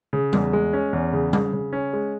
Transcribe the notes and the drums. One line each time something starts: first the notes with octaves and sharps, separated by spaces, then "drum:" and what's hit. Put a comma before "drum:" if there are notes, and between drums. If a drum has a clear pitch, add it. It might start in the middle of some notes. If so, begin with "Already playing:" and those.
C#3
E2, drum: tom G3
G#3
C#4
E2
C#3
C#3, drum: tom G3
C#3
C#4
G#3